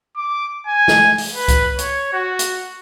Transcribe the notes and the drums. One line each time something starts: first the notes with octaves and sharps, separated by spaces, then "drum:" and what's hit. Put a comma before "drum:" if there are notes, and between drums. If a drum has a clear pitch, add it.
D6
G#5
drum: snare
drum: open hi-hat
B4
drum: kick C#2, hi-hat
C#5, drum: hi-hat
F#4
drum: hi-hat